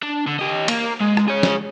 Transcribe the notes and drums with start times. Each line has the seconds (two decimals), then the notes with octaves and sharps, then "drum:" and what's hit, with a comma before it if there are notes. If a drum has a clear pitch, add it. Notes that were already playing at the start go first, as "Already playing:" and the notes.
0.03 D4
0.27 D3
0.39 G4 D#5
0.68 A#3, drum: cymbal
1.01 G#3
1.17 drum: rim click
1.28 G#4 C#5
1.43 drum: snare